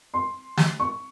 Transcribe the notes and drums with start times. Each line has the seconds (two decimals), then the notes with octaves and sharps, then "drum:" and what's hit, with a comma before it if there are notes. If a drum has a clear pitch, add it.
0.14 C6
0.57 drum: snare
0.80 C#6